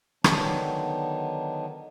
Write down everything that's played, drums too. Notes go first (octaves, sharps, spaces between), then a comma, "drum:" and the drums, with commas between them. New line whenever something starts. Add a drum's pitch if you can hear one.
D3 D#3 F#3 B3 D4 D#4, drum: rim click